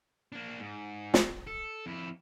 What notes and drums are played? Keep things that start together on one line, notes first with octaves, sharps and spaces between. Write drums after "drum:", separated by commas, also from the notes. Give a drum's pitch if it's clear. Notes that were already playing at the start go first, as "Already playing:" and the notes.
A#3 D4
G#2
drum: snare
A4
F2 E4